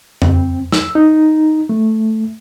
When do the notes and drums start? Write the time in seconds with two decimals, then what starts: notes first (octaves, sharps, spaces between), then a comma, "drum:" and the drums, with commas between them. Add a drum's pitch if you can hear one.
0.22 C4, drum: tom F2
0.72 E6, drum: snare
0.95 D#4
1.69 A3